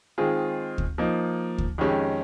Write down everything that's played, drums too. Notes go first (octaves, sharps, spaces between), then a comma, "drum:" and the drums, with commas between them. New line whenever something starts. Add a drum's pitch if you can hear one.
D#3 G#3 C4 F4 G#4
drum: kick D2
F3 A#3 D#4
drum: kick D2
F2 D#3 G#3 C#4 G4